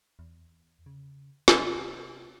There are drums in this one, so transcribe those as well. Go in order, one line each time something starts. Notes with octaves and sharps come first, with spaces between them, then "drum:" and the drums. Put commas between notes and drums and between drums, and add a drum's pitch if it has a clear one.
E2
C#3
C3, drum: snare